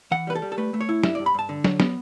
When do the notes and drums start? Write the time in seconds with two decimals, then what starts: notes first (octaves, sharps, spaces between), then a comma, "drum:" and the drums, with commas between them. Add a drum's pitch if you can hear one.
0.11 E3 F#5
0.27 G3 B4
0.35 A4
0.42 G3
0.52 A4
0.58 A3 B4
0.74 A3
0.81 C#5
0.89 E4
1.04 G2 E5, drum: snare
1.15 G2 D5
1.26 B5
1.34 G2 A5
1.49 D3
1.64 F#3, drum: snare
1.80 B3, drum: snare